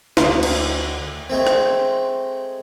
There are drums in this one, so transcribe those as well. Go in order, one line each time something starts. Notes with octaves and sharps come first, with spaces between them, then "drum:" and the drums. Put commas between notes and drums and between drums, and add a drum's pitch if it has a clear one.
D2, drum: snare
drum: cymbal
G#3 A3 C4
drum: rim click